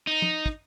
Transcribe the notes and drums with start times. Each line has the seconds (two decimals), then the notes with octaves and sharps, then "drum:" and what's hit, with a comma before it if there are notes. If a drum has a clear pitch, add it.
0.07 D#4
0.22 drum: tom
0.46 drum: kick